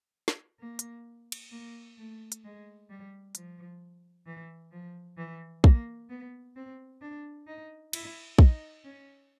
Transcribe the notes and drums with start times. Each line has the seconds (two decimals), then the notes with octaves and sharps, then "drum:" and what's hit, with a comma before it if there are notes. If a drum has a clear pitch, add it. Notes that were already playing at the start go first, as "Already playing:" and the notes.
0.28 drum: snare
0.60 A#3
0.79 drum: hi-hat
1.32 drum: cymbal
1.51 A#3
1.98 A3
2.32 drum: hi-hat
2.44 G#3
2.90 G3
3.35 F3, drum: hi-hat
4.26 E3
4.72 F3
5.18 E3
5.64 A#3, drum: kick
6.09 B3
6.56 C4
7.01 D4
7.47 D#4
7.93 E4, drum: cymbal
8.39 D#4, drum: kick
8.84 C#4